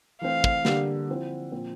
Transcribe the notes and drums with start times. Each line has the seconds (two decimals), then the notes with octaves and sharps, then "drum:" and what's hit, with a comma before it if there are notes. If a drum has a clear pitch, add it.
0.21 E3 A3 C4 F5
0.44 drum: kick
0.65 D3 G3 A#3 D4 G4, drum: snare
1.09 F3 C4 E4
1.52 A#2 F3 C4